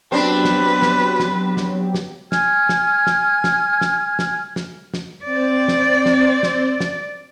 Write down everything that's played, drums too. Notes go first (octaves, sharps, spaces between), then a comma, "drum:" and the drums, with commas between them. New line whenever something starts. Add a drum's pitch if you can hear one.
F#3 B3 C4 D4 G4 B4
drum: snare
drum: snare
drum: snare
drum: snare
drum: snare
G#5 F6 G#6, drum: snare
drum: snare
drum: snare
drum: snare
drum: snare
drum: snare
drum: snare
drum: snare
C4 C5 D5
drum: snare
drum: snare
drum: snare
drum: snare